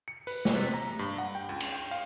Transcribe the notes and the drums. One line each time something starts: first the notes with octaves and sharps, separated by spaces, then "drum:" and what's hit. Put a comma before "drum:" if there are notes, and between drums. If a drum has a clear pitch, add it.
C#7
B4, drum: open hi-hat
drum: snare
C3
A#5
G2
F#5
G5
C#2
drum: cymbal
G5
F5